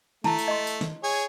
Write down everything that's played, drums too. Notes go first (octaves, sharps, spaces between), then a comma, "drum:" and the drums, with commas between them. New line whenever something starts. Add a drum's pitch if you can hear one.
A3 E4 A5 A#5, drum: snare
drum: tambourine
D#5 C6
drum: tambourine
drum: snare
G#4 C#5